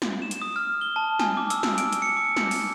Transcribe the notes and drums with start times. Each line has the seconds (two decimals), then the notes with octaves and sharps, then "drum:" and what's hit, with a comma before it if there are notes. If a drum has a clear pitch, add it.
0.02 drum: snare
0.22 E7
0.31 drum: hi-hat
0.42 D#6
0.56 F6
0.81 G7
0.96 A5
1.20 G#5, drum: snare
1.37 D6
1.50 E6, drum: hi-hat
1.63 drum: snare
1.78 D7, drum: hi-hat
1.93 drum: hi-hat
2.02 C#7
2.17 D6
2.37 drum: snare
2.51 drum: open hi-hat